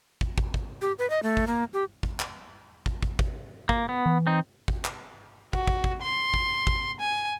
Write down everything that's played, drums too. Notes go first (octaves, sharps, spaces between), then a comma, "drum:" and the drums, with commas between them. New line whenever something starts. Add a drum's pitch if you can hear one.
drum: kick
drum: kick
drum: kick
G4
B4
D#5
A3
drum: kick
A#3
G4
drum: kick
drum: clap
drum: kick
drum: kick
drum: kick
A#3, drum: kick
B3
E3
C4 D#4
drum: kick
drum: clap
F#4, drum: kick
drum: kick
drum: kick
C6
drum: kick
drum: kick
G#5